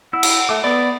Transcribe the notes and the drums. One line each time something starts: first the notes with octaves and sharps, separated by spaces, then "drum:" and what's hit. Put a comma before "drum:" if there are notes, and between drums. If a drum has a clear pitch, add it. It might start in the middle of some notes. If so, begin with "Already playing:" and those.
E4 E5 F#5
drum: cymbal
A3 D6
B3 D5 B5 D#6